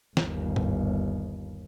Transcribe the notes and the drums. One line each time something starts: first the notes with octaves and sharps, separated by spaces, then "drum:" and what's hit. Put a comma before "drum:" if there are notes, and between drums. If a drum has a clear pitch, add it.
G1 D#2, drum: snare
drum: tom G#2